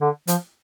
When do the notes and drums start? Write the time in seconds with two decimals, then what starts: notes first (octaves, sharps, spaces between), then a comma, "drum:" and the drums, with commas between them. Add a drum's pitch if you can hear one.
0.01 D3
0.28 F3, drum: hi-hat